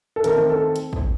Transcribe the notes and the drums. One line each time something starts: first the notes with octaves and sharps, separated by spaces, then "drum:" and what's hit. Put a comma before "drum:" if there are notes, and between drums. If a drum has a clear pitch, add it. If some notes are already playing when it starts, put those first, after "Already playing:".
A4
D#3 A3 C4 A#4, drum: hi-hat
A4
drum: hi-hat
drum: kick